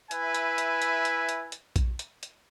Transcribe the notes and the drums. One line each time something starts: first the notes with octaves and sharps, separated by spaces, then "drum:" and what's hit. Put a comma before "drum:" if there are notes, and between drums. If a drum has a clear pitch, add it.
E4 B4 E5 G#5, drum: hi-hat
drum: hi-hat
drum: hi-hat
drum: hi-hat
drum: hi-hat
drum: hi-hat
drum: hi-hat
drum: kick A#1, hi-hat
drum: hi-hat
drum: hi-hat